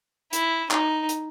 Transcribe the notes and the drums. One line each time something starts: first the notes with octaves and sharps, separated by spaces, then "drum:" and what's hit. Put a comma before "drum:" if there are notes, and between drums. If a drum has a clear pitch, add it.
E4, drum: hi-hat
D#4, drum: clap
drum: hi-hat